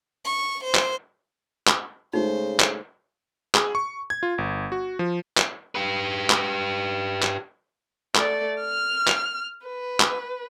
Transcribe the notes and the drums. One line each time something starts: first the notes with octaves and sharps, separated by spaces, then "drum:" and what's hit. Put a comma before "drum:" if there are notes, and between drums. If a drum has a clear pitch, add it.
C#6
C5
drum: clap
drum: clap
C#3 G#3 A3 D#4 C5
drum: clap
G#4, drum: clap
C#6
G#6
F4
G1
F#4
F3
drum: clap
G4 B4
drum: clap
drum: clap
A3 D5, drum: clap
F6
drum: clap
B4
drum: clap